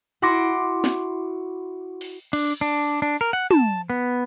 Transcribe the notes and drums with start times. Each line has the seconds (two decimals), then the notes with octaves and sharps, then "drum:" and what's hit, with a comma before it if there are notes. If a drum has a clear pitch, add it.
0.22 E4 F#4 C6 D6 A#6
0.84 drum: snare
2.01 drum: open hi-hat
2.33 D4, drum: cymbal
2.61 D4
3.02 D4
3.21 A#4
3.33 F#5
3.51 A5, drum: tom
3.90 B3